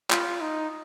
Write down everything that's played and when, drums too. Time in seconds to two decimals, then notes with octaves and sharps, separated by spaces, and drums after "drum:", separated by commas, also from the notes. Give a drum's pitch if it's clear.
0.11 F4, drum: clap
0.41 D#4